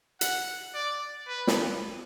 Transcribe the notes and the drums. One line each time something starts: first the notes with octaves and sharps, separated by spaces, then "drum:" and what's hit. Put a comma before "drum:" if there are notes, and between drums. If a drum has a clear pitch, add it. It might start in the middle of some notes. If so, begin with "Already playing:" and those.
F#5, drum: hi-hat
D5
B4
drum: snare